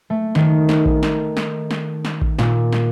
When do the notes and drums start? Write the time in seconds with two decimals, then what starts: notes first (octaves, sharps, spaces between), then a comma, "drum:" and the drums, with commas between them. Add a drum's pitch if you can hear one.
0.10 A3
0.35 D#3, drum: snare
0.69 drum: snare
0.86 drum: kick A1
1.03 drum: snare
1.37 drum: snare
1.71 drum: snare
2.05 drum: snare
2.22 drum: kick A1
2.39 A#2, drum: snare
2.73 drum: snare